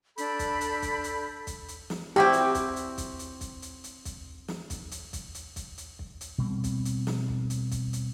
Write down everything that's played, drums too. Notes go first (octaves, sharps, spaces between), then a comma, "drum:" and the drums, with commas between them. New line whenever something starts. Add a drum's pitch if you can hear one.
D4 A4 B5 G6, drum: hi-hat
drum: kick, hi-hat
drum: hi-hat
drum: kick, hi-hat
drum: hi-hat
drum: kick, hi-hat
drum: hi-hat
drum: snare
C4 E4 F#4 G4
drum: hi-hat
drum: kick, hi-hat
drum: hi-hat
drum: kick, hi-hat
drum: hi-hat
drum: kick, hi-hat
drum: hi-hat
drum: hi-hat
drum: kick, hi-hat
drum: snare
drum: kick, hi-hat
drum: hi-hat
drum: kick, hi-hat
drum: hi-hat
drum: kick, hi-hat
drum: hi-hat
drum: kick
drum: hi-hat
B2 G3 C4
drum: kick, hi-hat
drum: hi-hat
drum: snare
drum: kick
drum: hi-hat
drum: kick, hi-hat
drum: hi-hat